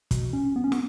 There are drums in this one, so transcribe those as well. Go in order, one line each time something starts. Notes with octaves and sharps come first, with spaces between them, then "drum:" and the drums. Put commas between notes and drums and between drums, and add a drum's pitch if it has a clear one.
B2, drum: kick, hi-hat
C#4
B3
C#4
B3, drum: snare